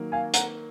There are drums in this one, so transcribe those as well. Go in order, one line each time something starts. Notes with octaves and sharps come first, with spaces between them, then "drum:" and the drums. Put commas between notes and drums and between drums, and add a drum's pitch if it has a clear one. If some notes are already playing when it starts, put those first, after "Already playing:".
Already playing: D#3 F#3 A#3
F5 G#5
F#5 A#5, drum: hi-hat